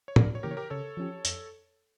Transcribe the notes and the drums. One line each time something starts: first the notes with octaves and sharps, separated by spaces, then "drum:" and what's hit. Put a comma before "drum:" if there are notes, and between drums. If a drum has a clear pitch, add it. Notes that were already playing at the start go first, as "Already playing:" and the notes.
C#5
C#2 A#4 D5, drum: tom
C#5
C#3 E3 A#3 G4 A#4
C#5
G4 A#4
C#3 A4 C#5
F3 C#4 G4
F2, drum: hi-hat